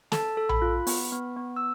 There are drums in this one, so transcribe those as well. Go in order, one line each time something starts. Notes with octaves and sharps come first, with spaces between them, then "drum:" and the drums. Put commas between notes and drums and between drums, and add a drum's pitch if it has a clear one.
A4 A5, drum: snare
A4
B5, drum: tom A#1
F4
B3, drum: open hi-hat
B3
B3
E6